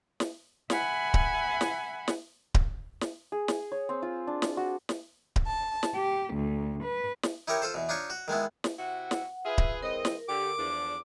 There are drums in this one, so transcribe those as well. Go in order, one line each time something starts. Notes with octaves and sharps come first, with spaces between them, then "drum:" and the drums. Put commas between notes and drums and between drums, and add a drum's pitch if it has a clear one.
drum: snare
E5 F#5 G#5 B5, drum: snare
drum: kick D1
drum: snare
drum: snare
drum: kick D1
drum: snare
G#4
drum: snare
C#5
C4
F4
D4
drum: snare
F#4
drum: snare
drum: kick D1
A5
drum: snare
G4
D2
B4
drum: snare
D#4 E4 G4 A#4 C#5
F4 A4 C5
E2 B2
D4 D#4 F4 C#5
F#4
D#3 G#3 B3 E4
drum: snare
C3 E4 F#4 F#5
drum: snare
F4 G#4 B4 E5
drum: kick D1
E3 G#3 C4 A#4 D#5
drum: snare
D3 G4 D6
E2 D3 F3 D4